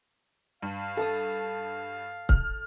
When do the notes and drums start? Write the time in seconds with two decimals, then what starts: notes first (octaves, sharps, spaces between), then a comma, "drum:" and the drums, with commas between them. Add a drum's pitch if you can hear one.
0.62 G2 F5
0.97 A4 A5 D#6
2.29 F6, drum: kick C#1